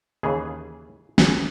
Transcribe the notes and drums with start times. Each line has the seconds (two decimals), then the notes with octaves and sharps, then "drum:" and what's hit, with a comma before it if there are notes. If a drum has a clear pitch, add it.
0.23 D#2 C#3 E3 G#4
1.18 G#4, drum: snare